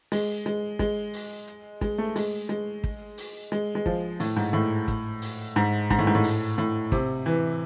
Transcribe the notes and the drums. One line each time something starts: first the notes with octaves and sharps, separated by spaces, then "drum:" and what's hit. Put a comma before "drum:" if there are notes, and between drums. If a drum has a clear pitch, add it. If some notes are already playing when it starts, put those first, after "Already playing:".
G#3, drum: open hi-hat
G#3, drum: hi-hat
G#3, drum: kick, hi-hat
drum: open hi-hat
drum: hi-hat
G#3, drum: kick, hi-hat
A3
G#3, drum: open hi-hat
G#3, drum: hi-hat
drum: kick
drum: open hi-hat
G#3, drum: hi-hat
G#3
F3, drum: kick
A2, drum: open hi-hat
G#2
A2
drum: kick, hi-hat
drum: open hi-hat
G#2, drum: hi-hat
G#2, drum: kick, hi-hat
A2
G#2
A2
drum: open hi-hat
A2, drum: hi-hat
C3, drum: kick, hi-hat
E3